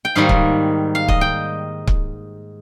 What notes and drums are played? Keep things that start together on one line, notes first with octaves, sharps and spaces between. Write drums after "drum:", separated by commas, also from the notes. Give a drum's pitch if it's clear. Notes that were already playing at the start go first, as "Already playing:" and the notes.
G5
G#2 D#3 G3 A#3 F5
drum: kick C#1
F5
D#5, drum: kick C#1
G5
drum: kick C#1